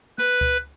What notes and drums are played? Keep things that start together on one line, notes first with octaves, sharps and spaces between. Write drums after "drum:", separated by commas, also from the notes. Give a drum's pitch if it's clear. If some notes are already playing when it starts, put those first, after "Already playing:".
B4, drum: snare
drum: kick C#2